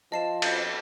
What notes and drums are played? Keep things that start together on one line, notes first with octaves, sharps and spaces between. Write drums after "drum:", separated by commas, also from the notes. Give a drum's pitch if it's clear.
F3 D#5 A5 C7 E7
drum: cymbal